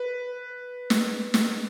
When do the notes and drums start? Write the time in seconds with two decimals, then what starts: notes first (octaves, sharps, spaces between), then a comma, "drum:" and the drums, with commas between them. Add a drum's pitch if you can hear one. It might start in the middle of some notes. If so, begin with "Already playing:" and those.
Already playing: B4
0.90 drum: snare
1.34 drum: snare